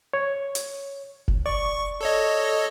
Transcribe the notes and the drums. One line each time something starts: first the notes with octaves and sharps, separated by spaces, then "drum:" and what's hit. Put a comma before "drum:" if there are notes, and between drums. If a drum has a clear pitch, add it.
C#5
drum: hi-hat
drum: kick F1
D5 C#6
A4 C#5 D#5